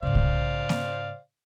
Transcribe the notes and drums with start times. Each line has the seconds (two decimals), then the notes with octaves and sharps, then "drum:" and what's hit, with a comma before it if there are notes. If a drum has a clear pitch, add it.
0.03 G#2 C#3 C5 D5 F5
0.15 drum: kick
0.69 drum: snare A#3